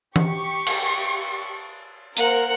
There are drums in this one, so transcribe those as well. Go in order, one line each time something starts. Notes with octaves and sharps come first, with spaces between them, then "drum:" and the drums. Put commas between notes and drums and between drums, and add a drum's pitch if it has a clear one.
G4 C#6, drum: tom E3
drum: cymbal
A#3 A#4 C5 F#5, drum: hi-hat